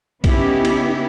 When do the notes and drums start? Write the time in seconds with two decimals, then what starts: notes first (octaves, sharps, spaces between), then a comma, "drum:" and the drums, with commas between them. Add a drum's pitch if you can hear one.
0.24 C#3 B3 C#4 D#4 E4 G4, drum: kick B1, cymbal
0.65 drum: cymbal